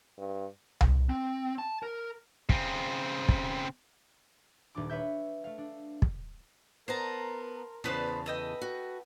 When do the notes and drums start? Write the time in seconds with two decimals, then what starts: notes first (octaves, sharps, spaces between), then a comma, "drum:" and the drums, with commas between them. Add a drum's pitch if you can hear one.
0.18 G2
0.81 drum: tom C2
1.09 C4
1.58 A5
1.83 A#4
2.49 C#3 C4, drum: kick
3.29 drum: kick
4.75 D#1 D4 D6
4.90 B4 C#5 E5 G6
5.44 A3 F5
5.58 D4
6.02 drum: kick
6.88 B3 A#4 C5 A5 A#5
7.84 E2 C#3 B3 B4 C5 A5
8.26 A4 B4 D#5 G5
8.61 F#4